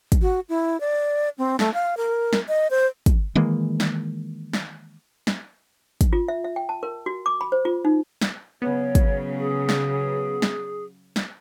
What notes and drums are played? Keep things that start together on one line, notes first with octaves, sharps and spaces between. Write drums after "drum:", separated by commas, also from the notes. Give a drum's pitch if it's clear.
drum: kick, hi-hat
F#4
E4
D5
C4
A3, drum: snare
F5
A#4
drum: snare
D#5
C5
drum: kick, hi-hat
D#3 E3 G#3 A#3
drum: snare
drum: snare
drum: snare
drum: kick, hi-hat
F4
E5
E5
G5
A5
A#4
F#4
D6
B5
C5
F4
D#4
drum: snare
C#3 F#3 B3 C#5
drum: kick, hi-hat
G#4
drum: snare
drum: snare
drum: snare